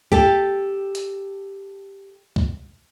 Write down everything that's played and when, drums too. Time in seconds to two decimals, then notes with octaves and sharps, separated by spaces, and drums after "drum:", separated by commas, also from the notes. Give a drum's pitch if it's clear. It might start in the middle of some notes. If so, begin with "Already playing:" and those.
0.12 G4 A4, drum: kick
0.95 drum: hi-hat
2.36 drum: kick